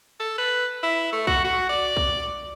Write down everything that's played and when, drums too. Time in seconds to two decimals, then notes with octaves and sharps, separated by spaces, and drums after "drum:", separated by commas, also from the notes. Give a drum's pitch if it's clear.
0.20 A4
0.38 B4
0.83 E4
1.13 A3
1.27 F#4, drum: kick
1.44 F#4
1.69 D5
1.97 drum: kick